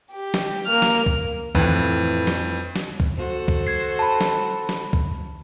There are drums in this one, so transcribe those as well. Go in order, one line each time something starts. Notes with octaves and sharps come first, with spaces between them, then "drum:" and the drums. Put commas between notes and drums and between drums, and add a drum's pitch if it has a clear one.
G4
drum: snare
A#3 F6
drum: snare
drum: kick
F2 A2 E3 B4, drum: kick
drum: snare
drum: snare
drum: kick
F#4 A4 C5
drum: kick
G#6 C7
A5 B5
drum: snare
drum: snare
drum: kick